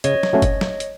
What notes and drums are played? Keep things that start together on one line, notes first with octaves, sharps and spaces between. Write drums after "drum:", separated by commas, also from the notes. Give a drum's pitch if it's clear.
C#3 C#5 D#5, drum: hi-hat
drum: snare
F#3 A3 C#4
drum: kick F#1, hi-hat
drum: snare
drum: hi-hat